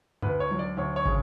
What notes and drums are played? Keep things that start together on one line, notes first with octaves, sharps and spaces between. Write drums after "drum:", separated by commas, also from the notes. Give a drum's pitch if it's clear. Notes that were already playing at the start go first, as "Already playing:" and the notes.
D2 B4, drum: tom F#2
C#5
F#3
D5
D2 C#5
C#5
C#3, drum: kick